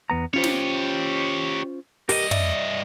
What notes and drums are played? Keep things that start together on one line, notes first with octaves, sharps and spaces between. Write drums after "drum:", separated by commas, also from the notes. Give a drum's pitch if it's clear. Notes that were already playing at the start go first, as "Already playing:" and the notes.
E2 B3 A#5
C#4 F4 G4 C5 C#5
drum: snare
G2 G4 A#4 D#5, drum: open hi-hat
D5 E5, drum: tom